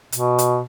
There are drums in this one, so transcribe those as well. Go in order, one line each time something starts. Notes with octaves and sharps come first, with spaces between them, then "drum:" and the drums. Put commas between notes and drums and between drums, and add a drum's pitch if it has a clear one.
B2, drum: hi-hat
drum: hi-hat